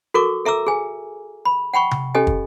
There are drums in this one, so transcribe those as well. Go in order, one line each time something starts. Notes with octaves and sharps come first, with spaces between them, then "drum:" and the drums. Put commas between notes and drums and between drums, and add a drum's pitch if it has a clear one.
F#4 A4 A#4 C#6 D6
A4 E5 A#5 D6 E6
G#4 G#5
B5
F#5 G5 B5 C#6
drum: tom C3
C#4 G4 A4 D#5 G#5
drum: kick